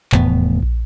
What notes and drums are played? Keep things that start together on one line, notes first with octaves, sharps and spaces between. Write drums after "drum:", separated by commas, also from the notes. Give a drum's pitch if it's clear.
F1 E2 A2 B3, drum: clap
drum: kick